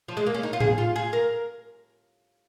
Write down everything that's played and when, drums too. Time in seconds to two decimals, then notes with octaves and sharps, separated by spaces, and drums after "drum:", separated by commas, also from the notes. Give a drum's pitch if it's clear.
0.08 F3
0.17 G#3
0.26 A#3
0.34 C#4
0.43 D#4
0.53 F4
0.60 G#4, drum: tom A2
0.78 F4
0.96 G#4
1.13 A#4